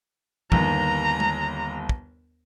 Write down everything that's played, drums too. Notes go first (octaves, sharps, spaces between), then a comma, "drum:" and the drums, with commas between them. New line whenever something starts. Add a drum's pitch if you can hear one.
G1 D#2 A#5, drum: kick
drum: tom
drum: kick